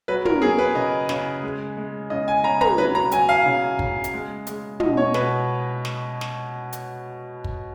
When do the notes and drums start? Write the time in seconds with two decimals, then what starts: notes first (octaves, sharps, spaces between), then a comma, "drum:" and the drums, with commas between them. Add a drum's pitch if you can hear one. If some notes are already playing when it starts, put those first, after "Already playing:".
0.08 F#3 B4
0.25 A#4, drum: tom
0.42 F#3 G#4
0.58 B4
0.75 C#3 D#5
1.09 C#3, drum: snare
1.43 G#3
1.77 G#3
2.10 C#3 D#5
2.28 G#5
2.44 C#3 A#5
2.61 A#5, drum: tom
2.78 F#3 B4
2.95 A#5
3.12 F#3 G#5, drum: hi-hat
3.29 F5
3.46 C#3
3.79 C#3, drum: kick
4.04 drum: hi-hat
4.13 G#3
4.47 G#3, drum: hi-hat
4.80 B2 D#5, drum: tom
4.97 C#5
5.14 B2 B4, drum: snare
5.85 drum: snare
6.21 drum: snare
6.73 drum: hi-hat
7.44 drum: kick